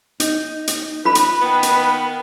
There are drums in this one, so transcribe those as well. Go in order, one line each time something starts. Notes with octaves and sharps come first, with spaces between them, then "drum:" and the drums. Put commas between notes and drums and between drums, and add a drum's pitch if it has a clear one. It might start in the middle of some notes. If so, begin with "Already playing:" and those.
D#4, drum: hi-hat
drum: hi-hat
F4 B4 B5
drum: hi-hat
D#3 B3
drum: hi-hat